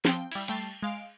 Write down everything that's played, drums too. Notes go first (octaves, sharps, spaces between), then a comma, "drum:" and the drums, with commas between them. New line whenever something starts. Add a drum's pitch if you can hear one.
F3 C4 G5, drum: snare
G3 E4, drum: cymbal
G3 A3 G5 A5 A6 C7, drum: hi-hat
G#3 F5 D7